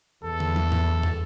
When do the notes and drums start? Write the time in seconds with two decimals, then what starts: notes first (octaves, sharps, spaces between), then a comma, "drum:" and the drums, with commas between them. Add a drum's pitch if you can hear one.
0.25 E2 A4
0.40 drum: tom
0.56 drum: tom
0.72 drum: tom G#2
1.03 drum: tom